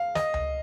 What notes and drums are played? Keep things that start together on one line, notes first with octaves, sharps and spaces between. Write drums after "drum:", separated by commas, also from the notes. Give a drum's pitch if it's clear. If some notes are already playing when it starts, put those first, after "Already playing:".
Already playing: F5
D#5, drum: snare
drum: tom C#2